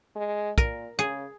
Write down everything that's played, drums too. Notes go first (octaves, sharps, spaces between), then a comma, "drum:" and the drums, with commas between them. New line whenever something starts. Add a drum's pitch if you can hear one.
G#3
A#2 A#4, drum: kick
C#3 G#4